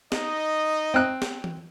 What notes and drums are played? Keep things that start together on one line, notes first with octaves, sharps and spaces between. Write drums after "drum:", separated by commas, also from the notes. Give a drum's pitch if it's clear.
D#4 D#5, drum: snare
C4 F#6
drum: snare
drum: tom E3